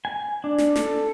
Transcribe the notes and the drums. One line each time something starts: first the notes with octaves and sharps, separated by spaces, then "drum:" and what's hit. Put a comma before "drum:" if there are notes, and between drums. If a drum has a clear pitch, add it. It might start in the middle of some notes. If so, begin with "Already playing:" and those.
G#5
D4
drum: snare
A4, drum: snare